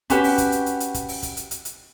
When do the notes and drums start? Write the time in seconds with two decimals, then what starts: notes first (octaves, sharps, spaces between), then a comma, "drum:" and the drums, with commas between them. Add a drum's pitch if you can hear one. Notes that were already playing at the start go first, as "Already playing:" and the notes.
0.10 C#4 F#4 G4 B4, drum: kick, hi-hat
0.24 drum: open hi-hat
0.38 drum: kick, hi-hat
0.52 drum: hi-hat
0.66 drum: hi-hat
0.80 drum: hi-hat
0.94 drum: kick, hi-hat
1.09 drum: open hi-hat
1.23 drum: kick, hi-hat
1.37 drum: hi-hat
1.51 drum: hi-hat
1.65 drum: hi-hat